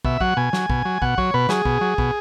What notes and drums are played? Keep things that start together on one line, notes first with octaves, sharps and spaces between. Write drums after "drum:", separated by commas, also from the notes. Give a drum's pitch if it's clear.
B2 E5, drum: kick
F#3 F#5, drum: kick
B2 G#5
F#3, drum: snare
B2, drum: kick
F#3
B2 F#5, drum: kick
F#3 C#5, drum: kick
B2 B4
F#3 G#4, drum: snare
B2, drum: kick
F#3
B2, drum: kick